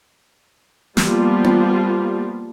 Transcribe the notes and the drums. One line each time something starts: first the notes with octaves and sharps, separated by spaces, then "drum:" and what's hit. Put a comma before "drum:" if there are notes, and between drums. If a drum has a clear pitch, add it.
F3 G3 A#3 B3 F4, drum: snare
drum: tom B3